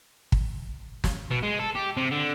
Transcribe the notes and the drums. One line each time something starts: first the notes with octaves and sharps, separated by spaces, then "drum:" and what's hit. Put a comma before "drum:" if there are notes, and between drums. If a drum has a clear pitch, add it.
drum: kick
drum: snare
B2
G#3
A4
G4
C3
D3